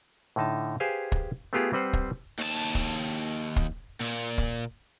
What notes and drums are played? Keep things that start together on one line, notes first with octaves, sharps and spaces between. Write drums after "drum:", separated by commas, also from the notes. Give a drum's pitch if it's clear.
A2 D3 D#4 A5
G4 G#4 B4 C5 F5 G#5
drum: kick
A3 B3 F4 G4 G#4
G3 C4 B4 C5 F#5
drum: kick
D#2 A5
drum: kick
drum: kick
A#2
drum: kick